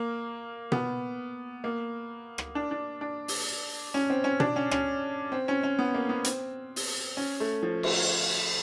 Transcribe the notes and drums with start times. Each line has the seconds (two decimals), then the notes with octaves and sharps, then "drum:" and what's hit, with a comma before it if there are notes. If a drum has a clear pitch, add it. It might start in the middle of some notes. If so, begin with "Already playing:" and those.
Already playing: A#3
0.72 B3, drum: tom B2
1.64 A#3
2.38 drum: rim click
2.55 D4
2.71 D4
3.01 D4
3.28 drum: open hi-hat
3.94 C#4
4.10 C4
4.24 C#4
4.40 D4, drum: tom B2
4.56 C#4
4.71 C#4, drum: rim click
5.32 C4
5.48 C#4
5.63 C#4
5.79 B3
5.94 A#3
6.09 B3
6.24 C4, drum: hi-hat
6.76 drum: open hi-hat
7.17 C#4
7.40 A3
7.63 F3
7.83 drum: cymbal